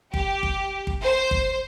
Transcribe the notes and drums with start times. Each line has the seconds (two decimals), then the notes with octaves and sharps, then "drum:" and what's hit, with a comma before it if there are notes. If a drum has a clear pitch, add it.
0.14 G4, drum: kick G1
0.43 drum: kick G1
0.87 drum: kick G1
1.02 C5
1.31 drum: kick G1